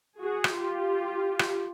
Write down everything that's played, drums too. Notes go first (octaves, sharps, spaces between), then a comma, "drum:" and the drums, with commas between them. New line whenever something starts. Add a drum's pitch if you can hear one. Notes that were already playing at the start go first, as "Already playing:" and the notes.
F#4 G#4
drum: rim click
F4 G4
drum: rim click